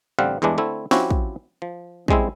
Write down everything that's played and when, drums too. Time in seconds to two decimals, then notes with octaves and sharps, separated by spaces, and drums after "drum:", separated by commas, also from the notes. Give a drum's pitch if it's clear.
0.19 A1 D3 G3 C4 F5 F#5
0.42 E2 G2 E3 G#3 D4
0.58 D3 A3 C4 E4
0.91 F3 C4 C#4 E4 F#4 G4, drum: snare D4
1.11 drum: kick
1.62 F3
2.08 C#3 G3 G#3 C4 E4, drum: kick